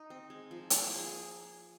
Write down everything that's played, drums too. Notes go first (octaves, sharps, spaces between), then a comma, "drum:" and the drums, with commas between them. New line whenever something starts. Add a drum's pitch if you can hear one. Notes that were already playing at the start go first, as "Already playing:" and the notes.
Already playing: D#4
C4
G#3
F3
A#3, drum: hi-hat
G#4